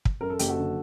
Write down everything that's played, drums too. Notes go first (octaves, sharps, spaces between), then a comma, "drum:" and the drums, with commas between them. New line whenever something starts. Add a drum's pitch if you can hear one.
drum: kick
F#2 A#4
A4
F#1 G4, drum: hi-hat
F#4 A4
D3